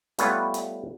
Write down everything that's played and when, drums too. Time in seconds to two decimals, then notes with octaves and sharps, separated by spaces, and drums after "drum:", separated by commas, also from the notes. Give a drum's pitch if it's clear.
0.19 G3 A3 B3 F4 B4 C#5, drum: hi-hat
0.54 drum: hi-hat